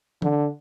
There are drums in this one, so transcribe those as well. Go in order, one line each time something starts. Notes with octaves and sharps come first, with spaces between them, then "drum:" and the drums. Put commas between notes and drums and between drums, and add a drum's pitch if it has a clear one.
D3, drum: tom E3